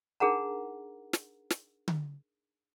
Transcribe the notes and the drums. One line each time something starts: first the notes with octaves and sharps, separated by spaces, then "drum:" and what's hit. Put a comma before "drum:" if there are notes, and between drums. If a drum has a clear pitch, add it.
D4 D#4 G#4 A#4 F#5 A#5
drum: snare
drum: snare
drum: tom D3